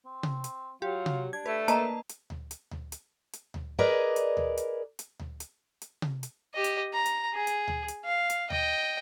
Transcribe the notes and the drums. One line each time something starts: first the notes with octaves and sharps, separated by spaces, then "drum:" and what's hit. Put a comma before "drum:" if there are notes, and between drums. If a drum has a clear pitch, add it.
C4
drum: tom C3
drum: hi-hat
F#3 F4 G4
drum: tom C3
D4 G#6
A3 B4
A#3 B4 D#5 A5 A#5, drum: hi-hat
drum: hi-hat
drum: tom D2
drum: hi-hat
drum: tom D2
drum: hi-hat
drum: hi-hat
drum: tom D2
G#4 A#4 B4 D5 D#5
drum: hi-hat
drum: tom D2
drum: hi-hat
drum: hi-hat
drum: tom D2
drum: hi-hat
drum: hi-hat
drum: tom C3
drum: hi-hat
G4 D#5
drum: hi-hat
A#5
drum: hi-hat
G#4
drum: hi-hat
drum: tom D2
drum: hi-hat
F5
drum: hi-hat
D#5 G5, drum: tom D2